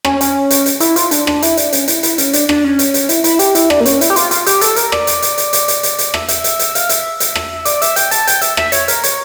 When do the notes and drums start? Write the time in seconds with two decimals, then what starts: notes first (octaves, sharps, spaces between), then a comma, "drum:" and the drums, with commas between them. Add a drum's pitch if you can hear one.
0.05 C#4, drum: rim click
0.21 C#4, drum: hi-hat
0.51 drum: hi-hat
0.66 drum: hi-hat
0.80 E4, drum: hi-hat
0.96 F4, drum: hi-hat
1.11 D4, drum: hi-hat
1.27 D4, drum: rim click
1.42 E4, drum: hi-hat
1.57 D4, drum: hi-hat
1.73 C#4, drum: hi-hat
1.88 E4, drum: hi-hat
2.03 E4, drum: hi-hat
2.18 C#4, drum: hi-hat
2.33 D4, drum: hi-hat
2.49 D4, drum: rim click
2.64 C#4
2.79 drum: hi-hat
2.94 drum: hi-hat
3.09 E4, drum: hi-hat
3.24 E4, drum: hi-hat
3.39 G4, drum: hi-hat
3.55 E4, drum: hi-hat
3.70 D4, drum: rim click
3.80 A#3
3.86 C#4, drum: hi-hat
4.01 E4, drum: hi-hat
4.10 G4
4.16 F4, drum: hi-hat
4.31 F4, drum: hi-hat
4.46 G4, drum: hi-hat
4.61 A4, drum: hi-hat
4.76 A#4, drum: hi-hat
4.92 D5, drum: rim click
5.07 drum: hi-hat
5.22 drum: hi-hat
5.38 drum: hi-hat
5.53 drum: hi-hat
5.68 drum: hi-hat
5.83 drum: hi-hat
5.98 drum: hi-hat
6.14 E5, drum: rim click
6.28 E5, drum: hi-hat
6.44 drum: hi-hat
6.59 drum: hi-hat
6.75 F5, drum: hi-hat
6.89 E5, drum: hi-hat
7.20 drum: hi-hat
7.35 drum: rim click
7.65 D5, drum: hi-hat
7.82 E5, drum: hi-hat
7.96 G5, drum: hi-hat
8.11 A5, drum: hi-hat
8.27 G5, drum: hi-hat
8.41 E5, drum: hi-hat
8.57 E5, drum: rim click
8.72 C#5, drum: hi-hat
8.88 A#4, drum: hi-hat
9.04 C#5, drum: hi-hat